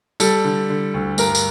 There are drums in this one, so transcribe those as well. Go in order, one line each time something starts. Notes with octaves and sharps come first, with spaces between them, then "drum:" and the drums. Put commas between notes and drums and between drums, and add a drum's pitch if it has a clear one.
G3 A4, drum: tambourine
D3
D3
D2
G2 A#4, drum: tambourine
drum: tambourine